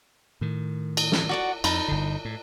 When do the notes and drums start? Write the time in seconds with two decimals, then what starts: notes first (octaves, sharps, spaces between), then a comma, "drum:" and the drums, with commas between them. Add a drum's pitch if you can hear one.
0.41 A2 D#3
0.97 drum: cymbal
1.12 drum: snare
1.29 F#4 D5 F#5
1.64 F2 D#4 A5 B5, drum: cymbal
1.88 G1 D3
2.25 A2